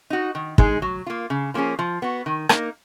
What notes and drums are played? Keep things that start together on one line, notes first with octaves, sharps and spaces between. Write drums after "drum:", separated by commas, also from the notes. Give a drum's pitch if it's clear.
D#4 F#4
D#3
G#3 D#4 G#4, drum: kick
F#3
A#3 F4
C#3
F3 A#3 C#4 G#4
F3
B3 F#4
D#3
A#3 D#4, drum: rim click